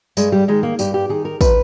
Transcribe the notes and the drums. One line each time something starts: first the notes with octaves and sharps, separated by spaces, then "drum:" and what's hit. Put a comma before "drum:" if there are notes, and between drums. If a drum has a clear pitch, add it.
G2 G#3, drum: tambourine
G3
D#3 G#3
A#3
G2 G4, drum: tambourine
G4
D#3 G#4
A#4
B4, drum: kick, tambourine